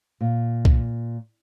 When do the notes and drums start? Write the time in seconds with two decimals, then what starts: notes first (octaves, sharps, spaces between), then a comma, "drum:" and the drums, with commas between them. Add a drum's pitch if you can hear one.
0.21 A#2
0.65 drum: kick